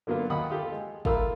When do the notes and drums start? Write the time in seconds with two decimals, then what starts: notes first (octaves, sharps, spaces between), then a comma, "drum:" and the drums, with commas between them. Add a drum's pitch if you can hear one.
0.07 D3 F#3 A#3 B3 F4
0.30 D#2 F4 F#5 B5 D#6
0.50 F4 G4 A4
0.72 G#3
1.05 A3 F4 A#4 A#5 B5 E6, drum: kick